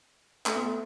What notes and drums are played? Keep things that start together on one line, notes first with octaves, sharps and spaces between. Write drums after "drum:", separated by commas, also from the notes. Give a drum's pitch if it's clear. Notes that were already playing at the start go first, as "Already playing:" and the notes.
A3, drum: clap
B3
A3